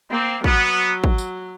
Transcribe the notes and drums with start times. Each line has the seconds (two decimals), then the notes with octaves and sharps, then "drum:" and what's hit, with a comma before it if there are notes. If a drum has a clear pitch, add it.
0.10 A#3 C4
0.44 F#3 B3, drum: kick
1.04 drum: kick
1.18 drum: tambourine